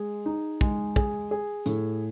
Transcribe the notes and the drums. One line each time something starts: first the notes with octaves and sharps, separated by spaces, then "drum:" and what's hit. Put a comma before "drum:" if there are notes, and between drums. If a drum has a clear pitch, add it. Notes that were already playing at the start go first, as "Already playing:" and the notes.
Already playing: G#3 G#4
D#4
G#3, drum: kick
G#4, drum: kick
G#4
A2, drum: hi-hat